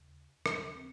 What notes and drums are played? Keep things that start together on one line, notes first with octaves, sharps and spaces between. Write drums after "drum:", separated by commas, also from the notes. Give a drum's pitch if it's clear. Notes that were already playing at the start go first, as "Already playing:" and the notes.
Already playing: D#2 C#3
D#2 C#3 F3, drum: rim click
C4